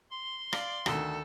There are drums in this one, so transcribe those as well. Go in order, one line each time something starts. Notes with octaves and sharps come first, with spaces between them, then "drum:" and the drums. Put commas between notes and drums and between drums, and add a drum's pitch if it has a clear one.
C6
D5 F5, drum: rim click
D2 D#3 A4, drum: rim click